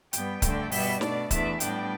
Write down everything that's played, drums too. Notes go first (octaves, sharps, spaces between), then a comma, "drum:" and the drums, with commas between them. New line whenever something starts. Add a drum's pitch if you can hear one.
G2 G3 B3 G5, drum: hi-hat
G2 D3 A3 D4 G5, drum: kick C#1, hi-hat
B2 G3 B3 E5, drum: open hi-hat
B2 A3 D4 D5, drum: snare
E2 E3 A3 D4 E5, drum: kick C#1, hi-hat
A2 G3 B3 D4 G5, drum: hi-hat